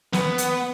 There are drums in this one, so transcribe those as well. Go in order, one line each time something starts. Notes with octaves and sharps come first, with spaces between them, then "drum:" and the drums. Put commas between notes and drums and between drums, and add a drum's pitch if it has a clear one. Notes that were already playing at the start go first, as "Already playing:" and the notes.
B3, drum: snare
drum: hi-hat